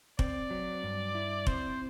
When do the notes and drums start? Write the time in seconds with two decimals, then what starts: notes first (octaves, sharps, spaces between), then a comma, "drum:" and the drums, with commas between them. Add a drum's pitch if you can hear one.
0.19 C4 D5, drum: kick F1
0.51 F#3
0.84 G2
1.15 E4
1.47 C4 C5, drum: kick F1